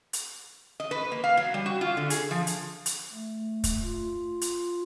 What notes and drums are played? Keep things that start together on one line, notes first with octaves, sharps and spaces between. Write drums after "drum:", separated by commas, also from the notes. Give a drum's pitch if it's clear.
drum: hi-hat
D#5
B4
A#3
F5
F#3
G3
F#4
F4
D3
G#4, drum: hi-hat
F3
drum: hi-hat
drum: hi-hat
A3
drum: kick, hi-hat
F4
drum: hi-hat